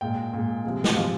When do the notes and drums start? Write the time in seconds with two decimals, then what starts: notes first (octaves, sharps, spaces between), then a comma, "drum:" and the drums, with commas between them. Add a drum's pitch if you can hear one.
0.01 A#2 G#3 G5
0.33 A#2 G#3
0.64 C3 F3 G#3
0.84 drum: snare
0.96 C3 F3 G#3